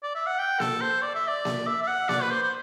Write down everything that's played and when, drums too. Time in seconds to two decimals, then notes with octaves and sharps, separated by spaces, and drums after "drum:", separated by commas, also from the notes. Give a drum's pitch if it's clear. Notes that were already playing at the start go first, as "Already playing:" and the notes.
0.03 D5
0.15 E5
0.27 F#5
0.39 G5
0.60 A4, drum: snare A#3
0.81 C5
1.02 D5
1.15 E5
1.28 D5
1.45 drum: snare A#3
1.67 E5
1.83 E5
1.88 F#5
2.09 D5, drum: snare A#3
2.22 B4
2.31 C5
2.42 C5